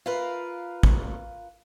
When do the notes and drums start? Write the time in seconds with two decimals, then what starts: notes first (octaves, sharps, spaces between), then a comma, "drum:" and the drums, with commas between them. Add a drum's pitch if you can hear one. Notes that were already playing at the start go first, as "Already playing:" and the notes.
0.06 F4 A#4 B4 F5
0.83 drum: kick